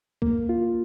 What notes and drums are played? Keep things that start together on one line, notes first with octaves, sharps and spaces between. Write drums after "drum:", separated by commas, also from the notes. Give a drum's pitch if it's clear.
A#3, drum: kick
F4